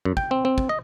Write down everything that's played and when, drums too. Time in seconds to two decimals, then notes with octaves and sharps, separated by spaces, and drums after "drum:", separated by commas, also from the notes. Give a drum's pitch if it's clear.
0.05 F#2
0.17 G5, drum: kick
0.31 C4
0.45 C4
0.58 drum: kick
0.69 D#5